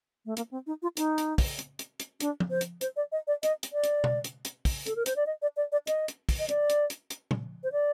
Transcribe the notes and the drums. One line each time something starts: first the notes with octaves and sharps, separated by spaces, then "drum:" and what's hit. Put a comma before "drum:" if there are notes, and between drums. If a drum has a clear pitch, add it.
A3
A#3, drum: hi-hat
C4
D#4
F4
D#4, drum: hi-hat
drum: hi-hat
drum: kick, open hi-hat
drum: hi-hat
drum: hi-hat
drum: hi-hat
D4, drum: hi-hat
drum: tom F3
C5
drum: hi-hat
C5, drum: hi-hat
D5
D#5
D5
D#5, drum: hi-hat
drum: hi-hat
D5
drum: hi-hat
drum: tom B2
drum: hi-hat
drum: hi-hat
drum: kick, open hi-hat
A4, drum: hi-hat
A#4
C5, drum: hi-hat
D5
D#5
D5
D5
D5
D#5, drum: hi-hat
drum: hi-hat
drum: kick, open hi-hat
D#5
D5, drum: hi-hat
drum: hi-hat
drum: hi-hat
drum: hi-hat
drum: tom A#2
C5
D5